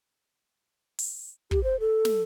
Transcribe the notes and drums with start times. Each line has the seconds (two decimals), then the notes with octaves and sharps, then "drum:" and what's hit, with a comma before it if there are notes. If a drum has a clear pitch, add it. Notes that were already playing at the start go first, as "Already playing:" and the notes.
0.99 drum: open hi-hat
1.51 G4, drum: kick
1.64 C5
1.80 A4
2.05 drum: snare